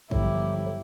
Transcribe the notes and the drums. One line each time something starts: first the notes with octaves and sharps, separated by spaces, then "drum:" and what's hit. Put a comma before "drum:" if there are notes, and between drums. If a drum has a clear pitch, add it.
G1 D3 F3 F#3 E4 G4, drum: kick A1